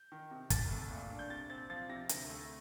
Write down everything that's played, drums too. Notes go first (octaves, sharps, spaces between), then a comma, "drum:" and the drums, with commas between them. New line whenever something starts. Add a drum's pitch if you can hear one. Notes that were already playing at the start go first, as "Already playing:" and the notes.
Already playing: G6
D#3
C3
C2 A6, drum: kick, hi-hat
A3
A#2
D4
G6
C3 A6
C4 A6
F3 A6
C3 A#6
D2, drum: hi-hat
A3